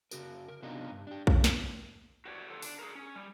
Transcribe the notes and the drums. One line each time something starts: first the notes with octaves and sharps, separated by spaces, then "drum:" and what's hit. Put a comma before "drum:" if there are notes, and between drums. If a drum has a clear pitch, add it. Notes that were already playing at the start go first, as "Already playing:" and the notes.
C#3 F#4 A#4, drum: tambourine
A#4
C3 B3 D4 D#4 F4 A#4
G2
D4 G4
E3 F3 A3 C4 C#4, drum: kick A#1
drum: snare
F#4 G4 B4 C#5 D5
F4 A4 F#5
D4, drum: open hi-hat
G#4 A#4
C#4
G3